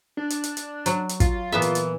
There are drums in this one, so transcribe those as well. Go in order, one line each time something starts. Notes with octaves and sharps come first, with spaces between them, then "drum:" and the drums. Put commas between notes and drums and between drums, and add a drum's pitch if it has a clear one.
D4
drum: hi-hat
drum: hi-hat
drum: hi-hat
F#3, drum: hi-hat
drum: hi-hat
F4, drum: kick, hi-hat
A#2 E3 B3 E5
drum: hi-hat
drum: hi-hat